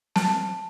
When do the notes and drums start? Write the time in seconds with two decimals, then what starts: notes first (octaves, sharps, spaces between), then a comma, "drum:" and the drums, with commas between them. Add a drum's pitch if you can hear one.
0.16 A5, drum: snare